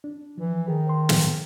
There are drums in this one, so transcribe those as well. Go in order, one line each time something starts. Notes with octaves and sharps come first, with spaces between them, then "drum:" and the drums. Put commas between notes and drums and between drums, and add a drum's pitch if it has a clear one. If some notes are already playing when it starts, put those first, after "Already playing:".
D4
E3 F3
D#3 G#4
C5 C6
drum: snare